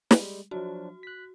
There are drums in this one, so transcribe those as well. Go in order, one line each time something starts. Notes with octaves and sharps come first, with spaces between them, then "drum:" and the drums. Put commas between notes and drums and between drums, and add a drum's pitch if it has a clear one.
G3 G#3, drum: snare
F3 F#3 D4 F#4
F#6 B6